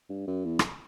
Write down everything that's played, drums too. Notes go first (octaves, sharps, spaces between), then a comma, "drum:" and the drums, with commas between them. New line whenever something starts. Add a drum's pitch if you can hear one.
G2
F#2
E2
drum: rim click